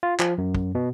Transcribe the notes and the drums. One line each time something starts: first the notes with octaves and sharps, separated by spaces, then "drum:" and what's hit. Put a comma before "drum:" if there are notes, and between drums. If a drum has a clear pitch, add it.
F4
F3, drum: clap
F#2
drum: kick
B2